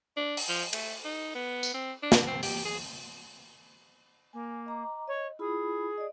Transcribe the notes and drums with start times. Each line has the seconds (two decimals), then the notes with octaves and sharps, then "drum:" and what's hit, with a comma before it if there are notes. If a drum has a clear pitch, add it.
0.17 D4
0.37 drum: open hi-hat
0.49 F3
0.73 A3, drum: cymbal
1.05 D#4
1.35 B3
1.63 drum: tambourine
1.74 C4
2.03 D4
2.12 drum: snare
2.27 C4
2.43 G4, drum: open hi-hat
2.65 G#4
4.33 A#3 G#5
4.66 D#5 A#5 D6
5.08 C#5 D#5
5.39 E4 F4 G#4 B5
5.98 D5 D#5